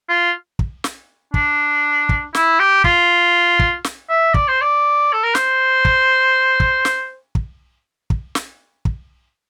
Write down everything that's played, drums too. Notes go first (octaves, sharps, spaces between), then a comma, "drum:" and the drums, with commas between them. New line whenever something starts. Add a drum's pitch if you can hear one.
F4
drum: kick
drum: snare
D4, drum: kick
drum: kick
E4, drum: snare
G4
F4, drum: kick
drum: kick
drum: snare
E5
D5, drum: kick
C5
D5
A4
A#4
C5, drum: snare
drum: kick
drum: kick
drum: snare
drum: kick
drum: kick
drum: snare
drum: kick